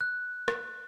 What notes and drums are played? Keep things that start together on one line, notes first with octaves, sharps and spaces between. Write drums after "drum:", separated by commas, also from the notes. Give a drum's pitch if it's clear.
F#6
drum: rim click